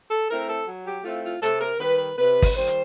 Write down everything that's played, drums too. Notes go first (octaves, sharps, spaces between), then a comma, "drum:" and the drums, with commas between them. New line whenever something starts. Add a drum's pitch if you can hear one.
A4
A3 C4 E4 A#4
A4
F#3
G4
A3 C4 E4 F4
F4
C3 A4, drum: hi-hat
A#4
D#3 G3 B4
B4
C3 B4
drum: kick, open hi-hat
D#3 G3 C5
drum: hi-hat